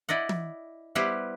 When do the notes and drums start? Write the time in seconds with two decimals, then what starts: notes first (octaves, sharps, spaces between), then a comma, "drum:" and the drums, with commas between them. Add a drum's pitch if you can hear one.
0.09 E4 D5 D#5 F#5
0.29 drum: tom E3
0.95 G3 B3 E4 G4 B4 C5